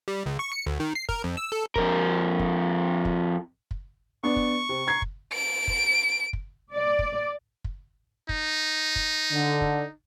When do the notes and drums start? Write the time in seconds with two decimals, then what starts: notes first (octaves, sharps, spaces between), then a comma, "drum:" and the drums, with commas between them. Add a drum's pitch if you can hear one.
0.08 G3
0.26 C#2
0.39 C#6
0.52 C#7
0.66 D2
0.80 D#3
0.95 C7
1.09 A#4, drum: kick
1.24 F2
1.37 E6
1.52 A4
1.76 F2 A#4, drum: kick
2.39 drum: kick
3.05 drum: kick
3.71 drum: kick
4.24 B3 D4 C#6
4.36 drum: kick
4.69 C3
4.87 A#5 G#6 C7
5.02 drum: kick
5.33 D7
5.68 drum: kick
6.33 drum: kick
6.75 D5
6.99 drum: kick
7.64 drum: kick
8.29 D#4, drum: kick
8.96 drum: kick
9.32 D3
9.61 drum: kick